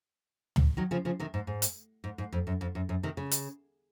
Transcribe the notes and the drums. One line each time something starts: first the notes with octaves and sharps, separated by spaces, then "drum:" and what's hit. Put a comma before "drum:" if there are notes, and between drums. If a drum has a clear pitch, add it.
drum: tom
D#3 F#3
C#3 F3
C#3 F3
C3 D#3
G#2
G#2
drum: hi-hat
G#2
G#2
F2
F#2
F2
F#2
F#2
C3 D#3
C#3
drum: hi-hat